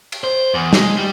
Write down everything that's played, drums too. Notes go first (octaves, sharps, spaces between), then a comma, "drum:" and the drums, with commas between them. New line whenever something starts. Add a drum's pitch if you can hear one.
drum: cymbal
C5
E2
G#3, drum: snare
G3